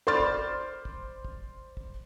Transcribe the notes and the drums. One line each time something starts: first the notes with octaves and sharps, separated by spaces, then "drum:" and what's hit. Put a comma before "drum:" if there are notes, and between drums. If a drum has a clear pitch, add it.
C5 D5 B5 C6 F6 A6
drum: kick
drum: kick
drum: kick
drum: kick